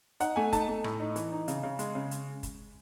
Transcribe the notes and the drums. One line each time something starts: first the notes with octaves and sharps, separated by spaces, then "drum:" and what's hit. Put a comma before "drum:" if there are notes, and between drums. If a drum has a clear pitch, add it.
D#4 F#5, drum: hi-hat
A3 G#5
D#4 A5, drum: kick, hi-hat
A3
A2, drum: rim click
D#4
E3, drum: hi-hat
D#4
C#3, drum: hi-hat
C#3
G#3, drum: hi-hat
C#3
drum: hi-hat
drum: kick, hi-hat